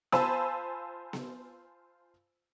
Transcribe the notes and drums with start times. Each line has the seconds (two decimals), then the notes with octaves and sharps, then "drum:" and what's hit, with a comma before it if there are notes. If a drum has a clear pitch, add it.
0.12 F4 C5 G#5 A5 B5 E6, drum: snare B3
1.13 drum: snare B3